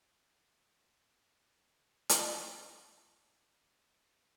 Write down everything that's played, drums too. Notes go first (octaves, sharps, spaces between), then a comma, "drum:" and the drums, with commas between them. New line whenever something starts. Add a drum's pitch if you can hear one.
D2
F2 A#2 D4 E4 C5 D#5 G#5 A6
drum: hi-hat
G4 A4 C5 C#5 F5
E6
C#4 G5 A5 D#6 F6